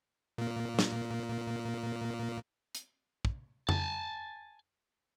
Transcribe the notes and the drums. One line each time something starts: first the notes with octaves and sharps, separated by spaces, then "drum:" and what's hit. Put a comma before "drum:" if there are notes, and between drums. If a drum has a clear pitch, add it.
A#2 A#3
drum: snare
drum: hi-hat
drum: kick
G#5 A5, drum: tom F2